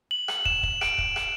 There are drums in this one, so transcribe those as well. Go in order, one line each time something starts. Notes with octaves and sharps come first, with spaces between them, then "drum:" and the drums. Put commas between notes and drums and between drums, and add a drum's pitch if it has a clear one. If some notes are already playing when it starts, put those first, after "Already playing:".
F#7
drum: rim click
E7, drum: kick
drum: kick
D7, drum: rim click
drum: kick
drum: rim click